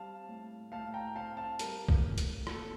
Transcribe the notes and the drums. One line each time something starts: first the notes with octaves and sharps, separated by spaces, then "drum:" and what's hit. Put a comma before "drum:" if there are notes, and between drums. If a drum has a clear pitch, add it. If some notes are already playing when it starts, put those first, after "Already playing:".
Already playing: G3 C4 F5 A5
A2
A2 F5 A5
G5 A#5
C4 F5 A5
F5 A5
G3 A#4, drum: hi-hat
drum: kick
A2
drum: hi-hat
A#2 A4, drum: rim click